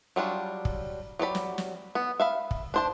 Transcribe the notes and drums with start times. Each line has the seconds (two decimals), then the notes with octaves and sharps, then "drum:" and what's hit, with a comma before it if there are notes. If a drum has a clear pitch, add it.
0.16 F#3 G3 D4 F4
0.65 drum: kick
1.19 F#3 G4 D5 B5
1.35 drum: snare
1.58 drum: snare
1.95 B3
2.20 E5 F5 B5
2.51 drum: kick
2.74 D4 C5 A5